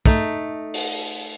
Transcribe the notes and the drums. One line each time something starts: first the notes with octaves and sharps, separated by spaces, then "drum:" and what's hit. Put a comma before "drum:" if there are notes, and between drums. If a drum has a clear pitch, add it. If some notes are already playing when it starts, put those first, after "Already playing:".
A3 D#4, drum: kick
drum: open hi-hat